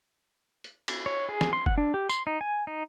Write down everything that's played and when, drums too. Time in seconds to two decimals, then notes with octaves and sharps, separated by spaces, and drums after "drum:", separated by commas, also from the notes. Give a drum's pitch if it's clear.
0.64 drum: hi-hat
0.88 drum: cymbal
1.06 C#5
1.29 G#4
1.41 drum: snare
1.53 C6
1.66 F#5, drum: kick F#1
1.78 D4
1.94 G4
2.09 C6, drum: tambourine
2.27 D#4
2.41 G#5
2.67 D#4